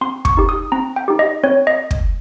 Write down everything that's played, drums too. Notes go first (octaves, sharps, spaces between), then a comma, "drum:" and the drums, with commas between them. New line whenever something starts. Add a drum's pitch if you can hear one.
C4 C6
C#6, drum: kick
D#4 G4
D#6
C4 A#5
G5
D#4 G4
D#5
C4 C#5
D#5
drum: kick